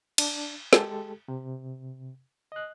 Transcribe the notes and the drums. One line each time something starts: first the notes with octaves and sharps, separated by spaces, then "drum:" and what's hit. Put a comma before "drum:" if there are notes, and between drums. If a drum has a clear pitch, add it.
D4, drum: cymbal
G#3 G4 A4, drum: snare
C3
D#5 F#6